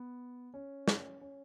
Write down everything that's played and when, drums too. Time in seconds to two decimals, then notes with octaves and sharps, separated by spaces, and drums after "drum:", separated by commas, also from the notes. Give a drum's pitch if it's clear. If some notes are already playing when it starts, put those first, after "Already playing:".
Already playing: B3
0.54 C#4
0.88 drum: snare
1.21 C#4